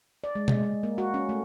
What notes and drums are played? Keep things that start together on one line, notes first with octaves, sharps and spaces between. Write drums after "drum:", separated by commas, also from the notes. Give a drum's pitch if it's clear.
D5
G#3
G#3, drum: tom B2
G#3
A#3
F#4
C#4
A3